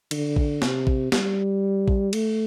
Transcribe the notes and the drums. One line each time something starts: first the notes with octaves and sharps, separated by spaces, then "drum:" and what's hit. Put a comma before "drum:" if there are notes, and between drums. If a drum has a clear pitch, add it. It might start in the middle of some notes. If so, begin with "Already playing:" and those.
D3, drum: cymbal
drum: kick A1
C3, drum: snare
drum: kick A1
G3, drum: snare
drum: kick A1
A3, drum: cymbal